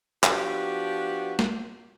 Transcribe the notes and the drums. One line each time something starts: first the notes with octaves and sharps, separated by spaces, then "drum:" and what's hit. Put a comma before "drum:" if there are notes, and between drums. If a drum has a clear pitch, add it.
F3 B3 D4 F#4 G4, drum: clap
drum: snare